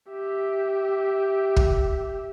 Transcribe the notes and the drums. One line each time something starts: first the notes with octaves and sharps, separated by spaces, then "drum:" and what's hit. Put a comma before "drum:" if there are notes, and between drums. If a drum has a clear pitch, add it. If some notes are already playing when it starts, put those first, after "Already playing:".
G4 E5
drum: kick